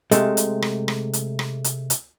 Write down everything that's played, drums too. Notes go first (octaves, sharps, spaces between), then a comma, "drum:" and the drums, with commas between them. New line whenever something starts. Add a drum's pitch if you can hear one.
C3 G#3 A3, drum: hi-hat
drum: hi-hat
drum: rim click
drum: rim click
drum: hi-hat
drum: rim click
drum: hi-hat
drum: hi-hat